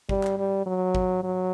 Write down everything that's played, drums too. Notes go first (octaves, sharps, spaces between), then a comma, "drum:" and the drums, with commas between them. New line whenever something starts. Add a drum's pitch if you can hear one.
G3, drum: kick
drum: clap
G3
F#3
drum: kick
F#3